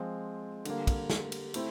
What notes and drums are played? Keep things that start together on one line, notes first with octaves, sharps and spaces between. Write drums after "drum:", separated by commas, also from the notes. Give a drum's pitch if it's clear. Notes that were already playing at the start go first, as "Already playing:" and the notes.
Already playing: F3 G#3 C4 F4
D3 G3 A#3, drum: cymbal
drum: kick, cymbal
drum: snare
drum: cymbal
A3 C4 E4, drum: cymbal